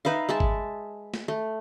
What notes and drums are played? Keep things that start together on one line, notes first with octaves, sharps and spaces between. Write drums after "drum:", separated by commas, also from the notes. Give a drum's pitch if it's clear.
D#4 B4 E5 F5
G#3 E5 A5
drum: kick G#1
drum: snare
A3